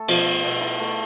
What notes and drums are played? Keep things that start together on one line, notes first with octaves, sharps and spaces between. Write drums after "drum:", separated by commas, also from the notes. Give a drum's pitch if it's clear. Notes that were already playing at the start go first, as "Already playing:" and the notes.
Already playing: A3 A4
B2 F3, drum: cymbal
A4
B2
E4
A3